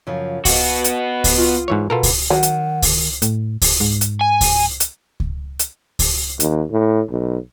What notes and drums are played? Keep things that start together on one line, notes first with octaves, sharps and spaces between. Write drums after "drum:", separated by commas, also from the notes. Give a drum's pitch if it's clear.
F#2 C#3 F3
B3 F#4 F5, drum: kick C#2, open hi-hat
drum: hi-hat
drum: kick C#2, open hi-hat
F4
G#2 E3 C#5
B2 F4 A4 A#4
drum: kick C#2, open hi-hat
D#3 F#3 F#5
drum: hi-hat
drum: kick C#2, open hi-hat
A2, drum: hi-hat
drum: kick C#2, open hi-hat
G#2
drum: hi-hat
G#5
drum: kick C#2, open hi-hat
drum: hi-hat
drum: kick C#2
drum: hi-hat
drum: kick C#2, open hi-hat
D#2, drum: hi-hat
A2
B1